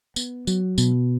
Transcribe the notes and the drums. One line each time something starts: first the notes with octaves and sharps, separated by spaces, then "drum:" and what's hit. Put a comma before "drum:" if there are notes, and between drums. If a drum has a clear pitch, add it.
B3, drum: tambourine
F#3, drum: tambourine
B2, drum: tambourine